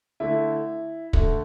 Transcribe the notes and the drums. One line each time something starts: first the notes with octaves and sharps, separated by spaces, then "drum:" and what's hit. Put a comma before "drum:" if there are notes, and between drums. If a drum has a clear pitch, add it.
D3 A3 E4
D3 A3, drum: kick